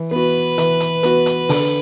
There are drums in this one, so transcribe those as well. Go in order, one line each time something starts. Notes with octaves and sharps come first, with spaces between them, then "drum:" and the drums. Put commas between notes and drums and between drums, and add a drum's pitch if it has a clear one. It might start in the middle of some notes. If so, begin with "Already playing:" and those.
Already playing: E3
B3 F#4 B4
E3, drum: hi-hat
drum: hi-hat
B3 F#4, drum: hi-hat
drum: hi-hat
D3, drum: open hi-hat